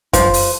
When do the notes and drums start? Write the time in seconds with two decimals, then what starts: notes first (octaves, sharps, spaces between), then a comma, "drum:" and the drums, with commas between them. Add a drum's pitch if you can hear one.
0.13 F3, drum: kick F#2, hi-hat
0.34 drum: open hi-hat